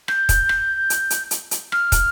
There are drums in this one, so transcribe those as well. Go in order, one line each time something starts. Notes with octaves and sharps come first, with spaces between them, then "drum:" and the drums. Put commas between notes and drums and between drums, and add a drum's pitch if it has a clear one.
G6, drum: rim click
drum: kick, hi-hat
drum: rim click
drum: hi-hat
drum: hi-hat
drum: hi-hat
drum: hi-hat
F6, drum: rim click
drum: kick, hi-hat